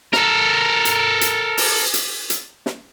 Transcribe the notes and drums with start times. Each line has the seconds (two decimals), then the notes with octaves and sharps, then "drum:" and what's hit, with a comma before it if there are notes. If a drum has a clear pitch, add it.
0.13 A4 A#4, drum: snare
0.85 drum: hi-hat
1.21 drum: hi-hat
1.57 drum: open hi-hat
1.94 drum: hi-hat
2.30 drum: hi-hat
2.66 drum: snare